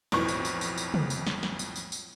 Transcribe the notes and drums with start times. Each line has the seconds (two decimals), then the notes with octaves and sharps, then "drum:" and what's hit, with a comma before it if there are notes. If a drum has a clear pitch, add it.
0.12 B1 F2 A2 E3 C#6, drum: snare
0.28 drum: tambourine
0.45 drum: tambourine
0.61 drum: tambourine
0.78 drum: tambourine
0.94 drum: tom
1.10 drum: tambourine
1.27 drum: snare
1.43 drum: snare
1.59 drum: tambourine
1.76 drum: tambourine
1.92 drum: tambourine